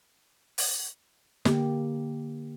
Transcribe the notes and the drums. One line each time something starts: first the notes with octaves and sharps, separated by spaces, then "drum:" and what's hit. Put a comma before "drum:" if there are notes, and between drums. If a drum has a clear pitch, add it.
drum: open hi-hat
D3 A#3 G4, drum: snare